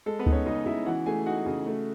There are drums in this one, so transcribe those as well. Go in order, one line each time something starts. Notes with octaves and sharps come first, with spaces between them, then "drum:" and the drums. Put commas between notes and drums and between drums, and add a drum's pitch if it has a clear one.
G#3 A4
B3 B4
D#4, drum: kick D2
C#4 C#5
C#3 D#4 D#5
C#3 E4 E5
E3 F#4 F#5
A3 G#4 G#5
D#4 F#4 F#5
C#3
A3